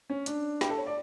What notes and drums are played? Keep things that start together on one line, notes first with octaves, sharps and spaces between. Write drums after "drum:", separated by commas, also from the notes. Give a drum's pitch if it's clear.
C#4
D4, drum: hi-hat
G4, drum: snare
A4
C#5
D5